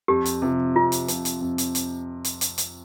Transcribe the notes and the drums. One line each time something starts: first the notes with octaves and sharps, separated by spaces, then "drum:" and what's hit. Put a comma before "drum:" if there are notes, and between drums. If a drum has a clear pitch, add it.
F2 G4
drum: hi-hat
C3 F3
F2 F4
drum: hi-hat
C3 F3, drum: hi-hat
drum: hi-hat
F2
drum: hi-hat
drum: hi-hat
drum: hi-hat
drum: hi-hat
drum: hi-hat